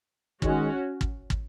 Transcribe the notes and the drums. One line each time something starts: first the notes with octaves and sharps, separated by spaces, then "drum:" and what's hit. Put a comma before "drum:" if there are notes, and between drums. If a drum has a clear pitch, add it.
D#3 G#3 C#4 F#4 C#5, drum: kick
drum: kick
drum: kick